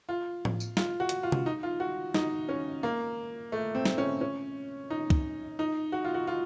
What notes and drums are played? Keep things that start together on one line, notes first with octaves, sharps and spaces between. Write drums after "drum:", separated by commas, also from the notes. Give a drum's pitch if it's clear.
F4
drum: tom A2
drum: tambourine
F4, drum: snare
F#4
drum: hi-hat
F4
drum: tom C3
D#4
F4
F#4
D#4, drum: snare
C#4
A#3
A3
C4
drum: snare
C#4
C#4
D#4
drum: kick
D#4
F#4
F4
F#4
F4